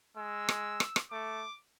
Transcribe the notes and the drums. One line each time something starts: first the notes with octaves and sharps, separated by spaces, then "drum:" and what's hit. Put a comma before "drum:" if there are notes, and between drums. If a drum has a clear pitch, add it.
G#3 E6
drum: rim click
drum: rim click
drum: rim click
A3 D6